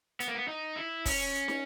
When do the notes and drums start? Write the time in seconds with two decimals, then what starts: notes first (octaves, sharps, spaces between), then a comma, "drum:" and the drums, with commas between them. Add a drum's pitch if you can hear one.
0.20 B3, drum: hi-hat
0.28 A#3
0.35 B3
0.48 D#4
0.77 E4
1.06 C#4, drum: kick, open hi-hat
1.48 drum: snare